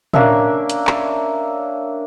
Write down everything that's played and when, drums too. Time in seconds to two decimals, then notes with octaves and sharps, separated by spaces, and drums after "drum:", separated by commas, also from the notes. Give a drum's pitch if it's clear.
0.13 A#3 C#4 D4 E5, drum: tom
0.70 drum: hi-hat
0.87 drum: clap